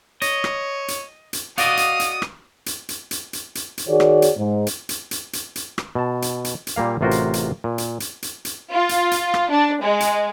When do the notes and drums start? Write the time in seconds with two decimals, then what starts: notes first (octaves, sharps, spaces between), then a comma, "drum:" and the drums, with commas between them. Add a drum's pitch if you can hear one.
0.22 C#5 D#5, drum: hi-hat
0.44 drum: rim click
0.88 drum: hi-hat
1.33 drum: hi-hat
1.58 F#4 D5 D#5 F5 D#6, drum: hi-hat
1.77 drum: hi-hat
2.00 drum: hi-hat
2.22 drum: rim click
2.66 drum: hi-hat
2.89 drum: hi-hat
3.11 drum: hi-hat
3.33 drum: hi-hat
3.55 drum: hi-hat
3.78 drum: hi-hat
3.88 D#3 F#4 G#4 C#5 D5
4.00 drum: rim click
4.22 drum: hi-hat
4.37 G#2
4.67 drum: hi-hat
4.89 drum: hi-hat
5.11 drum: hi-hat
5.33 drum: hi-hat
5.56 drum: hi-hat
5.78 drum: rim click
5.95 B2 A5
6.22 drum: hi-hat
6.44 drum: hi-hat
6.67 drum: hi-hat
6.76 A#2 G3 A#3 F5
7.01 A1 C3 F4 F#4 A#4 C5
7.11 drum: hi-hat
7.33 drum: hi-hat
7.64 A#2
7.78 drum: hi-hat
8.00 drum: hi-hat
8.22 drum: hi-hat
8.45 drum: hi-hat
8.72 F4
8.89 drum: hi-hat
9.11 drum: hi-hat
9.34 drum: rim click
9.50 D4
9.81 G#3
10.00 drum: hi-hat